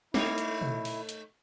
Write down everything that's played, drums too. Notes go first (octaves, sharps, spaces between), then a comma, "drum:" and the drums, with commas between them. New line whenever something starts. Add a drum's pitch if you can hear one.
A3 D#4 E4 C#5, drum: snare
drum: hi-hat
drum: tom
drum: open hi-hat
drum: hi-hat